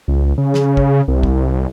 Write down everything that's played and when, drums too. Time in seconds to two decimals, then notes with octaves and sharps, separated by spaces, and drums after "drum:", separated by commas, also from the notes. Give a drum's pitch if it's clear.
0.08 C#2
0.38 C#3
0.54 drum: snare
0.77 drum: kick
1.08 C2
1.23 drum: kick